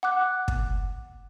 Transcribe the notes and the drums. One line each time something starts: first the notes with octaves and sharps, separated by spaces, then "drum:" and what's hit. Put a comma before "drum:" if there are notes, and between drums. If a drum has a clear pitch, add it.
F#5 D6 F#6
drum: kick